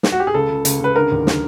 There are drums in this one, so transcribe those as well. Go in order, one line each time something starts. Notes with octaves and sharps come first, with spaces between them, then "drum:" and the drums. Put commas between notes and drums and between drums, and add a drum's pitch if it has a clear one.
drum: snare
F#4
G4
G#4
C#2 A4
C#2
C#2, drum: hi-hat
C#2 B4
D3 A#4
D#2
D3, drum: snare